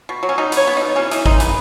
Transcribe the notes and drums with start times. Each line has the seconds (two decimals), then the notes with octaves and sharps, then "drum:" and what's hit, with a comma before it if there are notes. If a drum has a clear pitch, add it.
0.09 B2
0.23 F#3
0.29 C#4
0.38 B2 D#4
0.52 B3 C#5, drum: hi-hat
0.67 B3
0.77 B2 D#4
0.96 E3 C#4
1.11 E3 D#4, drum: hi-hat
1.26 G#3 D#4, drum: kick
1.40 B3 B4, drum: hi-hat